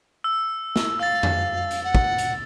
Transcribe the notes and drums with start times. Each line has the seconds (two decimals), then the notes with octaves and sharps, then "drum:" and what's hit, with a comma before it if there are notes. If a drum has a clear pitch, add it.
0.24 E6
0.76 drum: snare
0.99 F5 E6 A6
1.23 drum: tom F2
1.71 drum: hi-hat
1.84 F#5
1.95 drum: kick
2.18 drum: hi-hat